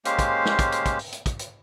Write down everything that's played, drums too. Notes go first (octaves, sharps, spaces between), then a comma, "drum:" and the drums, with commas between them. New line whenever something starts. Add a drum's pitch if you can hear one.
G#3 A#3 C#4 G4 C5 F5, drum: hi-hat
drum: kick, hi-hat
drum: snare
drum: kick, hi-hat
drum: hi-hat
drum: kick, hi-hat
drum: open hi-hat
drum: hi-hat
drum: kick, hi-hat
drum: hi-hat